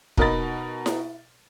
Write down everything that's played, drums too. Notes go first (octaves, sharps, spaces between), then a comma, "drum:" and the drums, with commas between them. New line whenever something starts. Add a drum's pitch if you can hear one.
B2 D#4 A#4 D#5 B5 A6, drum: kick
drum: snare E4